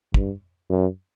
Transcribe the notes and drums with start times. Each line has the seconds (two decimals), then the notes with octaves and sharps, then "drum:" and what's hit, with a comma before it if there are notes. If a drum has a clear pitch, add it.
0.14 G2, drum: kick
0.70 F#2